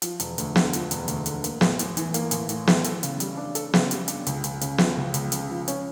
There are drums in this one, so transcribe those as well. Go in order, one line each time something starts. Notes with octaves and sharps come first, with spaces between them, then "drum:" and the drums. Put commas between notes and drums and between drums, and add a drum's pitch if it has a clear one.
F3, drum: hi-hat
E1, drum: hi-hat
D2, drum: hi-hat
D3, drum: snare
F3, drum: hi-hat
E1, drum: hi-hat
D2, drum: hi-hat
D3, drum: hi-hat
A#3, drum: hi-hat
A1, drum: snare
A2, drum: hi-hat
E3, drum: hi-hat
A#3, drum: hi-hat
A1, drum: hi-hat
A2, drum: hi-hat
E3, drum: snare
A4, drum: hi-hat
C#3, drum: hi-hat
G3, drum: hi-hat
D4
A4, drum: hi-hat
C#3, drum: snare
G3, drum: hi-hat
D4, drum: hi-hat
C#2, drum: hi-hat
C#2, drum: hi-hat
C#3, drum: hi-hat
F3, drum: snare
C#2
C#2, drum: hi-hat
C#3, drum: hi-hat
F3
C#4, drum: hi-hat